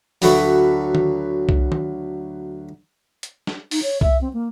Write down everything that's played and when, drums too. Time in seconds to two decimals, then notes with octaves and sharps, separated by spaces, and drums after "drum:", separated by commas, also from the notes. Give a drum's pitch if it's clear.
0.22 D2 F#3 A4 B4 C#6, drum: open hi-hat
0.95 drum: tom D#3
1.49 drum: kick C2
1.72 drum: tom D#3
3.23 drum: hi-hat
3.47 drum: snare
3.71 D#4, drum: open hi-hat
3.83 C#5
4.01 E5, drum: kick C2
4.21 C4
4.33 A#3